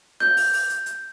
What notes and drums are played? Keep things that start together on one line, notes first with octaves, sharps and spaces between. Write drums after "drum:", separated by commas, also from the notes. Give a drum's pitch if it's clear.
G6, drum: snare F4
drum: open hi-hat
drum: open hi-hat
drum: hi-hat
drum: hi-hat